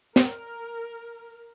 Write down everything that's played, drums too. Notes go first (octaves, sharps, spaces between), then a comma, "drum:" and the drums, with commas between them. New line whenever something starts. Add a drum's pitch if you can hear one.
A#4, drum: snare